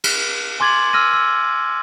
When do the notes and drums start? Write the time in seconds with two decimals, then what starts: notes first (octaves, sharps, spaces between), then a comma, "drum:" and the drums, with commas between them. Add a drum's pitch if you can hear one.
0.04 drum: cymbal
0.60 G#5 C6 D6 G#6 A6 F#7
0.93 E6 F6 A#6 D#7
1.14 E6